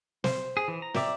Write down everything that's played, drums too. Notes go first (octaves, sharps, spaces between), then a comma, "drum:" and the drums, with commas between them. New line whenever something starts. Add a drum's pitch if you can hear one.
C5, drum: snare
G#4
E3
A#5
D5 E5 G5, drum: snare